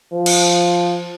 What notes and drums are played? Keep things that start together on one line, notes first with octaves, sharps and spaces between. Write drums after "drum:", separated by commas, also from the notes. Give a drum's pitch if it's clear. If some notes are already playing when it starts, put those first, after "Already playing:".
F3
drum: cymbal